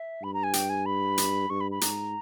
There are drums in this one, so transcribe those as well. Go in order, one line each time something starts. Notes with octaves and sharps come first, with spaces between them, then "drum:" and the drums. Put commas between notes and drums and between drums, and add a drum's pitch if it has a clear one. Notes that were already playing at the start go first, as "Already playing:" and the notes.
Already playing: E5
G2 B5
A#5
G#5
G5, drum: hi-hat
G#5
B5
drum: hi-hat
G2 C#6
B5
B5
G#2 A#5, drum: hi-hat